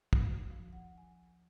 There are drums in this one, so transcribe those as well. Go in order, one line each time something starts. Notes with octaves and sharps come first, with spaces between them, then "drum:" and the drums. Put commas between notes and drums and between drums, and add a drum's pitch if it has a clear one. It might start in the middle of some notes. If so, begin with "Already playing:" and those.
D2, drum: kick
F#4
F3
F#5
G#5